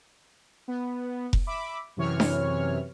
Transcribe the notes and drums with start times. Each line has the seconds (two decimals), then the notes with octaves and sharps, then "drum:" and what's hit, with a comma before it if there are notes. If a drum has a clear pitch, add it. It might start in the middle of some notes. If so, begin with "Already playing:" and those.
0.68 B3
1.33 drum: kick F1
1.47 E5 B5 D6
1.97 F#2 C3 E3 C#5 F6
2.20 drum: snare D4